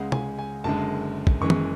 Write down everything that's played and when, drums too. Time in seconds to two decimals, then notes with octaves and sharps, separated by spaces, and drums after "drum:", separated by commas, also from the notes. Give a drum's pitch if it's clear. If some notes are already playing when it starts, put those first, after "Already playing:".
Already playing: C#2 C#3 G#3 F#5
0.12 G#5, drum: tom
0.39 G#5
0.64 F#1 F#2 D3 G#3 A5
1.27 drum: kick
1.41 F#1 F#2 E3 G#3 C#6
1.50 drum: tom